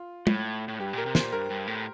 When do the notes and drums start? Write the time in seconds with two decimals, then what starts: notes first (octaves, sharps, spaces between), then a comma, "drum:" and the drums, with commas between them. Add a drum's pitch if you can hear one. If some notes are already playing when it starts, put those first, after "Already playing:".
Already playing: F4
0.27 A2, drum: tom
0.68 A2
0.79 G2 G4
0.93 A#2 A#4
1.06 C3
1.15 A#2 C5, drum: snare
1.32 G2 A#4
1.50 G2
1.67 A2